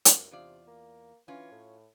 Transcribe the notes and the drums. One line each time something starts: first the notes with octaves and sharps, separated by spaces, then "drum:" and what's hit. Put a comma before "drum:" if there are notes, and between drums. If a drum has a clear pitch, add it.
F#2, drum: hi-hat
E2 C3 F4 D5
A#3
E3 C#4 F4
A2